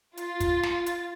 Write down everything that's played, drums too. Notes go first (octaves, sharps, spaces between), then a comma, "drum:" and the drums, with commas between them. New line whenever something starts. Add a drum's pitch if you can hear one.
F4 A6, drum: hi-hat
drum: kick, hi-hat
drum: snare
drum: hi-hat